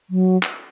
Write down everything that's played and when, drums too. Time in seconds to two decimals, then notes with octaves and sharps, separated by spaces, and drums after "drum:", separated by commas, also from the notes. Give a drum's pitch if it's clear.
0.10 F#3
0.43 drum: clap